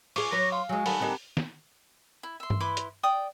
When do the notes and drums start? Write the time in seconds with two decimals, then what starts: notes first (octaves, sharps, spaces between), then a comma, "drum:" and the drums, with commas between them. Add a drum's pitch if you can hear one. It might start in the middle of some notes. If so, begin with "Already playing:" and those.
0.16 F4 G#4 C#6 D6, drum: open hi-hat
0.32 F#3 B4 C#5 A#6
0.52 F5 C6
0.69 F#3 G#3 G#5
0.86 D#3 G3 A3 F#5 A5 B5, drum: open hi-hat
1.00 D3 A#3 C4 D#4 G4
1.37 drum: snare
2.23 E4
2.40 E5 C6
2.50 drum: tom G2
2.60 E4 B4 C6 D6
2.77 drum: hi-hat
3.03 D5 G5 D#6